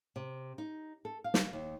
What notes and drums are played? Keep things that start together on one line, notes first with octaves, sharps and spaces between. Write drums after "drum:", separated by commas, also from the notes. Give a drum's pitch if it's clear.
C3
D#4
A4
F5
drum: snare
D#2